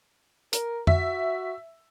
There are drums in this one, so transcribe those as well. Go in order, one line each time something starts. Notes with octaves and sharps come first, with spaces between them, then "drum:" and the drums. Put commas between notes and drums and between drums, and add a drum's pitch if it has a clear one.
A#4, drum: hi-hat
F#4 E5, drum: tom F2